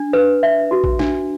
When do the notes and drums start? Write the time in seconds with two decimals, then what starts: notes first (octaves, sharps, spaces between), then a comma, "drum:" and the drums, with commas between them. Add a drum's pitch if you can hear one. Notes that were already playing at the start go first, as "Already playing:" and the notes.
Already playing: D4
0.13 B4
0.43 E5
0.71 F#4
0.84 drum: kick A#1
0.99 D4, drum: snare